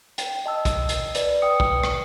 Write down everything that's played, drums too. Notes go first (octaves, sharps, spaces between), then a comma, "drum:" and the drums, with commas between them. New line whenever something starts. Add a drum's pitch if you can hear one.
G5, drum: hi-hat
D#5 A5 E6
drum: kick, hi-hat
drum: hi-hat
B4 D5, drum: hi-hat
B4 G5 D#6 C#7
drum: kick
drum: rim click